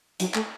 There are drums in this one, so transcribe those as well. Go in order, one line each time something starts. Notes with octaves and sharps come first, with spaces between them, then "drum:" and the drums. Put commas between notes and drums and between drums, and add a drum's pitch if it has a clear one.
F#3, drum: hi-hat
A3, drum: clap